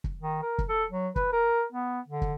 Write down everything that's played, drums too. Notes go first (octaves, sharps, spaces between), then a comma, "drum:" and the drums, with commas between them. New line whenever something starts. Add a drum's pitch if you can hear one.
drum: kick
D#3
A#4
drum: kick
A4
F#3
B4, drum: kick
A#4
B3
D3
drum: kick